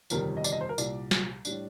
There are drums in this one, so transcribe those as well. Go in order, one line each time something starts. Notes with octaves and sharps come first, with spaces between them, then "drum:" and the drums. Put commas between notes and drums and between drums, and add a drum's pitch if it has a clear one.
G1 F2 C3 D#3 G3 A#4, drum: tambourine
D#5
D5, drum: tambourine
D#5
C5
A#4
C2 A#2 G3 D5, drum: tambourine
drum: snare
A2 G3 D4, drum: tambourine